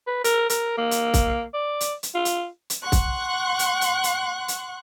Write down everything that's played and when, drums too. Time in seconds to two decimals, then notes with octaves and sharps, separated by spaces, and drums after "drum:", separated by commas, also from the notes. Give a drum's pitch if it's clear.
0.07 B4
0.24 A#4, drum: hi-hat
0.50 A#4, drum: hi-hat
0.78 A#3
0.91 drum: hi-hat
1.14 drum: kick, hi-hat
1.54 D5
1.81 drum: hi-hat
2.03 drum: hi-hat
2.15 F4
2.25 drum: hi-hat
2.70 drum: hi-hat
2.82 F#5 C6 C#6 F#6
2.92 drum: kick, hi-hat
3.59 drum: hi-hat
3.81 drum: hi-hat
4.04 drum: hi-hat
4.48 drum: hi-hat